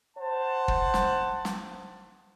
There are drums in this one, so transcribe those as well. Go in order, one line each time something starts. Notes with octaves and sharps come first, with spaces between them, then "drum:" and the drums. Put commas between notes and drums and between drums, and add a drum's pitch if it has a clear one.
C5 F#5 A5
drum: kick
drum: snare
drum: snare